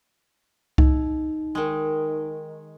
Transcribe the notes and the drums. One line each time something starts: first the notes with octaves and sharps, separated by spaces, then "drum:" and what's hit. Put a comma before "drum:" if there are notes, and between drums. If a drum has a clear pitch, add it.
D#4, drum: kick C2
D#3 G#3